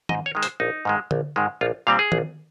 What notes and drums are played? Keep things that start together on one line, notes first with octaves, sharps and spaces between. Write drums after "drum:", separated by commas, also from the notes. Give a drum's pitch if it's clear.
G#2 D#5, drum: tom D#3
C#5
D#3 G#3
C5, drum: hi-hat
A#1 D#4
G#2 D#3 G#3
A#1, drum: tom D3
G#2 D#3 G#3
A#1 F4
A#2 G3 C4 F5
G#4
A#1, drum: tom D#3